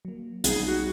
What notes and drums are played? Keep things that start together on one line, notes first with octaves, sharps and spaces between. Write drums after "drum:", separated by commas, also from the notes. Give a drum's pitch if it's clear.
F#3 A#3
B1 G3 D#4 G#4, drum: hi-hat
F#4